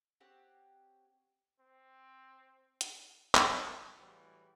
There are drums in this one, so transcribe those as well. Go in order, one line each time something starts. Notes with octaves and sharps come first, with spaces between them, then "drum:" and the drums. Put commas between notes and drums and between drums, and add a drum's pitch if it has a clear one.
C4 G4 C#5 F#5
C4
drum: hi-hat
drum: clap
A2 E3 G3 G#3 F#4